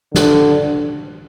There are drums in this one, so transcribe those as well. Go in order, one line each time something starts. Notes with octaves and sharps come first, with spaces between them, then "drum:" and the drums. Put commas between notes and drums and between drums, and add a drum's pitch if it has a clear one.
D3, drum: snare